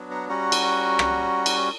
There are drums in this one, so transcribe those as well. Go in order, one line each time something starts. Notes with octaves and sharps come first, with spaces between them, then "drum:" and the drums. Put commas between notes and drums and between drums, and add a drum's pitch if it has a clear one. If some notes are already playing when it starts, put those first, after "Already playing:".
Already playing: F#3 B3 D4
F#5 A#5
G3 C#4 F#4 F#5 A#5
drum: cymbal
drum: rim click
drum: cymbal